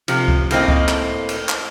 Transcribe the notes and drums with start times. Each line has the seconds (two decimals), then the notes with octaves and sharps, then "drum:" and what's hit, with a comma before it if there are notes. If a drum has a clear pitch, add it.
0.08 C3 F3, drum: cymbal
0.28 drum: kick C#2
0.51 A2 A#3 C4 D#5, drum: cymbal
0.68 drum: kick C#2
0.88 drum: clap
1.29 drum: cymbal
1.49 drum: clap